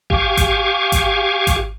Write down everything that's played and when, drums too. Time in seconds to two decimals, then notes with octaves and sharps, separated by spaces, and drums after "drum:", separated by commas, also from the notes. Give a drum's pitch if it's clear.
0.10 G4 F5 G#5 C#6 D6, drum: kick G#1
0.37 drum: kick G#1, hi-hat
0.92 drum: kick G#1, hi-hat
1.47 drum: kick G#1, hi-hat